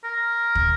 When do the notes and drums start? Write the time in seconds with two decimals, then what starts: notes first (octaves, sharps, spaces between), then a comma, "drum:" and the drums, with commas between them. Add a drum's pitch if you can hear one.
0.04 A#4
0.55 drum: kick